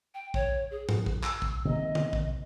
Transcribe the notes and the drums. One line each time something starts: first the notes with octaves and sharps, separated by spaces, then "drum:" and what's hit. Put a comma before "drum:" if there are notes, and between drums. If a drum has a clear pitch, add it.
G5
C#5, drum: kick A#1
G#4
drum: tom G#2
drum: kick A#1
E6, drum: clap
drum: kick A#1
C3 D#3 A#3 D#5
drum: tom D3
drum: kick A#1